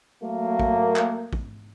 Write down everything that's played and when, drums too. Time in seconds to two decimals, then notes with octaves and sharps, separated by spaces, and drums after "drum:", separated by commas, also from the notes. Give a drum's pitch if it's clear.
0.23 F#3 A3 A#3
0.60 drum: kick
0.96 drum: clap
1.33 drum: kick